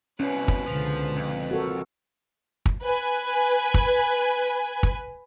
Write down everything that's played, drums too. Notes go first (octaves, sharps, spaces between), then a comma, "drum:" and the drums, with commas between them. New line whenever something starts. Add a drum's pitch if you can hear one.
C2 B2 C#4 B4
drum: kick
C#2 B2 D3 F3
F2
F#4 A4 A#4
drum: kick
B4 G#5
drum: kick
drum: kick